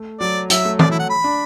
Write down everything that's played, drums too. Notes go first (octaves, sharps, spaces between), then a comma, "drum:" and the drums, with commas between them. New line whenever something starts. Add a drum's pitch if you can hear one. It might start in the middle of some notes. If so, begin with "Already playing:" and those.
Already playing: A3
F#3 D5
F#3 E5, drum: hi-hat
A3
D5, drum: tom E3
E4
F#5
B5
D4